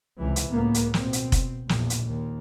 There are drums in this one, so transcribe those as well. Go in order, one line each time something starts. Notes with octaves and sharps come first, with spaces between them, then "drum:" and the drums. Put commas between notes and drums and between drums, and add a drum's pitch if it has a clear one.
C#2 C3 E3
drum: hi-hat
C#2 A2 A#3 B3
drum: hi-hat
B2 C4, drum: snare
drum: hi-hat
drum: kick F1, hi-hat
A#1 E2, drum: snare
drum: hi-hat
D#2